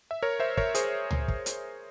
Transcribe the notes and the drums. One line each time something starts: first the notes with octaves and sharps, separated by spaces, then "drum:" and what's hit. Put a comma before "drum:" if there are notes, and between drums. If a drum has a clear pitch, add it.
E5
A#4 C#5
C5 E5
A#4 C#5, drum: kick
G#4 C5, drum: hi-hat
drum: tom C#2
drum: kick
drum: hi-hat